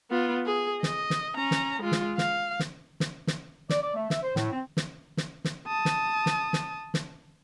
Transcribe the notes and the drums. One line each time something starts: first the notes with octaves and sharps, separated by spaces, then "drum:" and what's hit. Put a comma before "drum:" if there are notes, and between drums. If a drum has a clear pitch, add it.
B3 F4
G#4
D#5, drum: snare
drum: snare
C#4 A#5
drum: snare
G#3 F4
drum: snare
F5, drum: snare
drum: snare
drum: snare
drum: snare
D5, drum: snare
D5
A3
E5, drum: snare
C5
A2, drum: snare
C4
drum: snare
drum: snare
drum: snare
A5 D#6
drum: snare
drum: snare
drum: snare
drum: snare